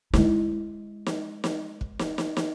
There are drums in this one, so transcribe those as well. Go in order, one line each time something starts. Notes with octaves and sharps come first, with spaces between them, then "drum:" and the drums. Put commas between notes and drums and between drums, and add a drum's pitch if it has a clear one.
G#3 E4, drum: snare
drum: snare
drum: snare
drum: kick
drum: snare
drum: snare
drum: snare